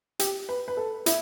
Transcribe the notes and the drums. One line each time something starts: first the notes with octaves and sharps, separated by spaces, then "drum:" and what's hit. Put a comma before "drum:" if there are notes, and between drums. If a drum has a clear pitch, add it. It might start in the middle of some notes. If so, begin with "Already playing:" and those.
G4, drum: hi-hat
B4
B4
A4
E4, drum: hi-hat